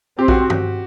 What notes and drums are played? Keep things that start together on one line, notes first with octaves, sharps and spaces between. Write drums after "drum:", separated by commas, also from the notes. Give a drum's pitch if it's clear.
C4 G4
F#4, drum: kick A#1
drum: tom G2